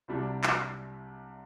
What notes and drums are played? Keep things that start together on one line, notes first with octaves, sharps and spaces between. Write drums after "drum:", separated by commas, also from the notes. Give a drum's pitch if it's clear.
C2 C3 G3 D4
drum: clap